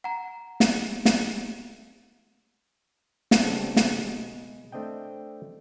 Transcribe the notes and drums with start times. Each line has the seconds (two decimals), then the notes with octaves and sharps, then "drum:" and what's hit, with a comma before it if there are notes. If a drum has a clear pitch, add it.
0.04 F#5 A#5
0.60 drum: snare
1.05 drum: snare
3.31 drum: snare
3.43 C#3 G3 B3 C4 A4 A5
3.76 drum: snare
3.99 B2 G#3
4.72 A3 C4 D4 D#5 G5